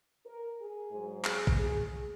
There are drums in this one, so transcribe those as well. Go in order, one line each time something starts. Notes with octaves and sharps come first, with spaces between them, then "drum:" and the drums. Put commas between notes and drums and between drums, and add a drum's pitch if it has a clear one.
A#4
G#4
G#2 F#3
G#4, drum: clap
drum: kick
G#4